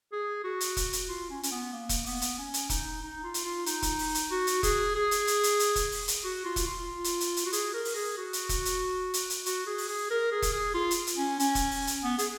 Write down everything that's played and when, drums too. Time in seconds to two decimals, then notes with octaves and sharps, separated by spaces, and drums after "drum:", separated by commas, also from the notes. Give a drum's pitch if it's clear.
0.12 G#4
0.44 F#4
0.61 drum: hi-hat
0.77 drum: kick E1, hi-hat
0.93 drum: hi-hat
1.09 F4
1.31 C#4
1.43 C#4, drum: hi-hat
1.52 B3
1.73 A#3
1.89 drum: kick E1, hi-hat
2.06 B3, drum: open hi-hat
2.21 drum: hi-hat
2.38 C#4
2.54 drum: hi-hat
2.70 D#4, drum: kick E1, hi-hat
3.02 D#4
3.24 F4
3.34 drum: hi-hat
3.44 F4
3.66 D#4, drum: hi-hat
3.82 drum: kick E1, hi-hat
3.99 drum: open hi-hat
4.15 drum: hi-hat
4.31 F#4
4.47 drum: hi-hat
4.63 G#4, drum: kick E1, hi-hat
4.95 G#4
5.11 drum: hi-hat
5.27 drum: hi-hat
5.43 drum: hi-hat
5.59 drum: hi-hat
5.76 drum: kick E1, hi-hat
5.92 drum: open hi-hat
6.08 drum: hi-hat
6.24 F#4
6.45 F4
6.56 drum: kick E1, hi-hat
6.67 F4
7.04 drum: hi-hat
7.20 drum: hi-hat
7.37 drum: hi-hat
7.46 F#4
7.53 G#4, drum: hi-hat
7.74 A#4
7.85 drum: open hi-hat
7.96 G#4
8.17 F#4
8.33 drum: hi-hat
8.49 drum: kick E1, hi-hat
8.65 drum: hi-hat
9.14 drum: hi-hat
9.30 drum: hi-hat
9.46 F#4, drum: hi-hat
9.67 G#4
9.78 drum: open hi-hat
9.89 G#4
10.10 A#4
10.32 G#4
10.42 drum: kick E1, hi-hat
10.53 G#4
10.74 F4
10.91 drum: hi-hat
11.07 drum: hi-hat
11.17 C#4
11.40 C#4, drum: hi-hat
11.55 drum: kick E1, hi-hat
11.71 drum: open hi-hat
11.87 drum: hi-hat
12.03 B3
12.19 G#4, drum: hi-hat